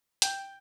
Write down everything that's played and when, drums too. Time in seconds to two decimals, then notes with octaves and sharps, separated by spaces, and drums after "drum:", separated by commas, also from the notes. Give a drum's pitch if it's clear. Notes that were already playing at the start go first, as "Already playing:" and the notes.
0.22 G5, drum: hi-hat